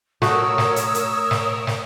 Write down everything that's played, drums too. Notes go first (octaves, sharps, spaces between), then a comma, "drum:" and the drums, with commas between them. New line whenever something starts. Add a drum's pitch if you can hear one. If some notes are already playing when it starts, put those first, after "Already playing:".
A3 F#4 A#4 C#5 D#6 E6, drum: snare
drum: snare
drum: hi-hat
drum: hi-hat
drum: snare
drum: snare